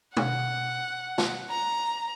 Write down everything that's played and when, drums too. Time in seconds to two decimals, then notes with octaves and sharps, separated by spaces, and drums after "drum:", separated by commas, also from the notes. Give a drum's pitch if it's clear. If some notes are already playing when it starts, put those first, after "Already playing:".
0.17 F#5, drum: tom
1.18 drum: snare
1.50 A#5